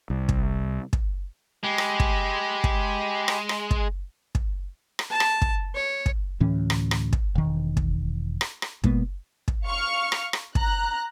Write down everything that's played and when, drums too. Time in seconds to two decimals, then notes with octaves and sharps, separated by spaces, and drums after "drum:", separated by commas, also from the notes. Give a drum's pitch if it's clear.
0.10 C2
0.29 drum: kick
0.93 drum: kick
1.64 G#3 G4 B5
1.78 drum: rim click
2.00 drum: kick
2.64 drum: kick
3.28 drum: rim click
3.49 drum: rim click
3.71 drum: kick
4.35 drum: kick
4.99 drum: rim click
5.11 A5
5.20 drum: rim click
5.42 drum: kick
5.75 C#5
6.06 drum: kick
6.40 D2 A2 E3 C#4
6.70 drum: rim click
6.91 drum: rim click
7.13 drum: kick
7.35 E1 D#3
7.77 drum: kick
8.41 drum: rim click
8.62 drum: rim click
8.84 B2 G#3 A#3 B3, drum: kick
9.48 drum: kick
9.66 F5 C#6 F6
10.12 drum: rim click
10.33 drum: rim click
10.55 A#5 F#6, drum: kick